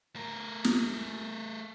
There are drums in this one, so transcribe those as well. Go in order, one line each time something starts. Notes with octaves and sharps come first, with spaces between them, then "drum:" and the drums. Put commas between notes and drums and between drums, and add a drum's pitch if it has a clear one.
A3 A#4
drum: snare